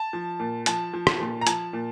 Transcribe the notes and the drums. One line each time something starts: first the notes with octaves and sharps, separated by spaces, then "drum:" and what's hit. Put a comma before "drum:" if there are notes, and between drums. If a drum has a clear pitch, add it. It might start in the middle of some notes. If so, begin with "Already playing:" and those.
Already playing: A5
F3
A#2
F3 A5, drum: hi-hat
F3
drum: rim click
A#2
A#5
F3 A5, drum: hi-hat
A#2